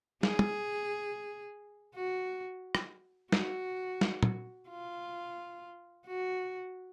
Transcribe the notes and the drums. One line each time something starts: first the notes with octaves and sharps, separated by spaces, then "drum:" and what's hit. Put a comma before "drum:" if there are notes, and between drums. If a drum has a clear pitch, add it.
G#4, drum: snare
drum: tom
F#4
drum: rim click
F#4, drum: snare
drum: snare
drum: tom
F4
F#4